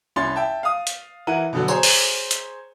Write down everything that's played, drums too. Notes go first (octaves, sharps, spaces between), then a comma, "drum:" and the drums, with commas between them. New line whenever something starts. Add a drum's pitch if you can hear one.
C2 C#4 C6 A6
E5 G5 A5
F5 D#6
drum: hi-hat
E3 E4 A#4 F#5 D#7
B2 D3 F#3
G#4 C5 C#5 A#5, drum: tambourine
drum: open hi-hat
drum: hi-hat